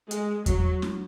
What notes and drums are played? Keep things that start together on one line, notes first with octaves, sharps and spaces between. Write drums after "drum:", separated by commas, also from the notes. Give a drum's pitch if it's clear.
G#3, drum: hi-hat
F#3, drum: kick E2, hi-hat
drum: snare